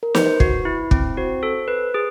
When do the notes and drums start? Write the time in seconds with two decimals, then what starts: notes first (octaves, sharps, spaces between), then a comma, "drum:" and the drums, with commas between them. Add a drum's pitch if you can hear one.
0.03 A#4
0.15 B4 C5, drum: snare
0.40 F#4, drum: kick
0.65 E4
0.91 C4, drum: kick
1.17 F#4 C5
1.43 A4
1.68 B4
1.94 G#4